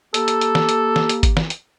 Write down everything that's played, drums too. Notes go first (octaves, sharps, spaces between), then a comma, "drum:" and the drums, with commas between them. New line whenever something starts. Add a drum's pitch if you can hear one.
A#3 G4 A4, drum: hi-hat
drum: hi-hat
drum: hi-hat
drum: snare
drum: hi-hat
drum: snare
drum: hi-hat
drum: kick G#1, hi-hat
drum: snare
drum: hi-hat